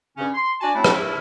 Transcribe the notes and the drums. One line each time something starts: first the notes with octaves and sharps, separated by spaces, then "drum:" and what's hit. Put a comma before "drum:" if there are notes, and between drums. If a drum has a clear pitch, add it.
G2 C#3 C#4
C6
D4 F#4 D5 G#5 A5
F#3 A3 C4 D4 E4
drum: rim click
E4